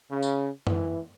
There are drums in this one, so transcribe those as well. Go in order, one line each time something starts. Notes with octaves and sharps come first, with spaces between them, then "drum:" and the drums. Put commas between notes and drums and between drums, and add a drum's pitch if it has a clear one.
C#3
drum: tambourine
E3, drum: tom F#2